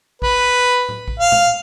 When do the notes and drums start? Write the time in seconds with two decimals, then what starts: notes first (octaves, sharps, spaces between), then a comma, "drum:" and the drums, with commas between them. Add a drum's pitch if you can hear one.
0.22 B4, drum: kick A1
0.89 drum: tom A2
1.08 drum: kick A1
1.20 F5
1.32 drum: tom A#2